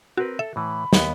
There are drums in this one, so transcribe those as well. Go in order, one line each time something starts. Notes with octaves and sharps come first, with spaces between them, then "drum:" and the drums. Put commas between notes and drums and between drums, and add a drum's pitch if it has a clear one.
C4 F#4 A#4 B4
A4 E5
A2 E3 B5
D#2 B3 B4, drum: snare